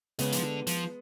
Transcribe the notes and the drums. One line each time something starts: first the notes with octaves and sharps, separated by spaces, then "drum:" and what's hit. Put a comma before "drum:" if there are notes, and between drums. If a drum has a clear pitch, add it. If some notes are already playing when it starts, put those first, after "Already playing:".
C#3 G#3 B3, drum: hi-hat
F3, drum: hi-hat
D3
F3, drum: hi-hat